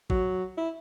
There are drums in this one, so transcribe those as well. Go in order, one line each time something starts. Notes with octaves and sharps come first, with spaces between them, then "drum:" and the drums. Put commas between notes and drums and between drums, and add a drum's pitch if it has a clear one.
F#3, drum: kick
E4